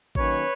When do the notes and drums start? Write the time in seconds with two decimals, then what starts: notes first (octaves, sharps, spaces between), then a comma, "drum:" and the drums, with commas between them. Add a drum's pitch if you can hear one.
0.15 D#3 F#3 A#3 C#4 B4 C#5, drum: kick A1